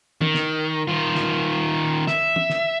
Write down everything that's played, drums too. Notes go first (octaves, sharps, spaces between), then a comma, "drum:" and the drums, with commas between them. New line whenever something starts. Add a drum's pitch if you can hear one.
D#3, drum: tom
drum: snare
D#3 F4
drum: snare
E5, drum: snare
drum: tom
drum: snare